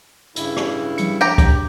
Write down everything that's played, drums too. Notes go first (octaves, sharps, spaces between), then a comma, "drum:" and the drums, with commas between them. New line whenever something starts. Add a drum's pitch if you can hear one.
G2 C#3 E4, drum: hi-hat
drum: rim click
F3 G3 C#7, drum: hi-hat
D4 G4 G5 A#5
drum: kick, hi-hat